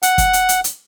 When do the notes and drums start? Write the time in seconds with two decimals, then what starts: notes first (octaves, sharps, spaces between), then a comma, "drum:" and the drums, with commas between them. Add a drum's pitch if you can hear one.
0.03 F#5, drum: hi-hat
0.18 drum: kick, hi-hat
0.33 drum: hi-hat
0.49 drum: hi-hat
0.64 drum: hi-hat